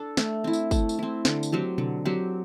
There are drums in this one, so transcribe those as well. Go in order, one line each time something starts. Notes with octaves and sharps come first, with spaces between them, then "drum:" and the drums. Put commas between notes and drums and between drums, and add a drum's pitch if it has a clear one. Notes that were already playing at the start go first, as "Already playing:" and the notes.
Already playing: D4 A4
A3, drum: snare
C4 E4
drum: tambourine
A3, drum: kick, tambourine
drum: tambourine
C4 E4
D3, drum: snare
drum: tambourine
F#3 C4 G4
D3, drum: tom B2
F#3 C4 G4